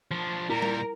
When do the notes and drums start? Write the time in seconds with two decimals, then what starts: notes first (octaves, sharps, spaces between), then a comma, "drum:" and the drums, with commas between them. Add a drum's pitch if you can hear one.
0.11 F3 D4
0.49 A#2 G3 E4 A#4
0.62 drum: tom G3